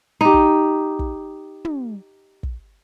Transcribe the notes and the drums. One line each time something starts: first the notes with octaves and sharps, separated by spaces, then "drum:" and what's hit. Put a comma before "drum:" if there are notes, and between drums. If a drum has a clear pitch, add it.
D#4 G4
drum: kick
drum: kick
drum: tom
drum: kick